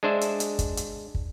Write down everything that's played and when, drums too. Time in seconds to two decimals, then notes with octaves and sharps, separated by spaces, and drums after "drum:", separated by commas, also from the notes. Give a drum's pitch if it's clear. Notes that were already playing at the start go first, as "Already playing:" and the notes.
0.03 G#3 D4 C5 E5
0.21 drum: hi-hat
0.40 drum: hi-hat
0.59 drum: kick, hi-hat
0.77 drum: hi-hat
1.15 drum: kick